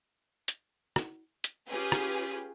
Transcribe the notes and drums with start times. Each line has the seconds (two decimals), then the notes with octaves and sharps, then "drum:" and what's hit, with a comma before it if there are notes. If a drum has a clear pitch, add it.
0.48 drum: hi-hat
0.96 drum: rim click
1.44 drum: hi-hat
1.68 C#4 F4 G4 G#4 B4
1.92 drum: rim click